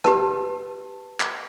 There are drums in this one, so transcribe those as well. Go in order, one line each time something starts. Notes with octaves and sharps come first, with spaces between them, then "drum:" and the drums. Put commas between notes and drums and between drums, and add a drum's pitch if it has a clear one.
G4 B4 A5, drum: rim click
drum: clap